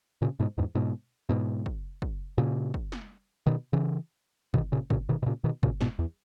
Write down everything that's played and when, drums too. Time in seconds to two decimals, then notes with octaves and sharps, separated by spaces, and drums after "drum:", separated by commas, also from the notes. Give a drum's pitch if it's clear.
0.22 A#2 C#3
0.40 G#2 B2
0.58 E2 G#2
0.75 G#2 B2
1.29 G#2 B2
1.66 drum: kick
2.02 drum: kick
2.38 A#2 C#3
2.74 drum: kick
2.92 drum: snare
3.46 B2 D#3
3.73 C#3 E3
4.54 B2 D#3, drum: kick
4.72 A#2 C#3
4.90 A#2 C#3, drum: kick
5.09 B2 D#3
5.23 B2
5.26 A#2 C#3
5.44 B2 D#3
5.63 A#2 C#3, drum: kick
5.81 G#2 B2, drum: snare
5.99 E2